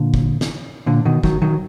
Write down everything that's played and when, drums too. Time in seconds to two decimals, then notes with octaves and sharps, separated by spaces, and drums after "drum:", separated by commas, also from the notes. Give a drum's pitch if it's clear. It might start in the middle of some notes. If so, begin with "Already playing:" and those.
Already playing: A#2 D3
0.14 drum: kick
0.41 drum: snare
0.86 A#2 D3
1.05 B2 D#3
1.23 D#3 F#3, drum: kick
1.42 D#3 F#3